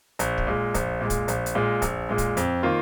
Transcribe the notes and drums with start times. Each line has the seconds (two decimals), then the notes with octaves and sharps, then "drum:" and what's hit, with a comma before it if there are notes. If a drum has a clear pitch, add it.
0.19 A#1, drum: hi-hat
0.38 drum: kick
0.47 A#2 G#3
0.74 A#1, drum: kick, hi-hat
1.01 A#2 G#3
1.10 drum: kick, hi-hat
1.28 A#1, drum: hi-hat
1.46 drum: hi-hat
1.55 A#2 G#3
1.82 A#1, drum: kick, hi-hat
2.09 A#2 G#3
2.18 drum: kick, hi-hat
2.37 F2, drum: hi-hat
2.63 D#3 A#3 F4